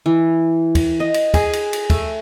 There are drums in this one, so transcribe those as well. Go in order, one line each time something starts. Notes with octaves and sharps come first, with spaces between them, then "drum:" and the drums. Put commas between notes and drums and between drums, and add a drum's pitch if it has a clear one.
E3
drum: kick, cymbal
D#5
drum: cymbal
G#4, drum: kick, cymbal
drum: cymbal
drum: cymbal
A3, drum: kick, cymbal